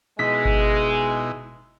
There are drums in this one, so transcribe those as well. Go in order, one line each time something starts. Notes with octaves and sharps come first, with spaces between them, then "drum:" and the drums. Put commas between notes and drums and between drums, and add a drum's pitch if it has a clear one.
B2 G#3 D#4 E4 B6
drum: kick G1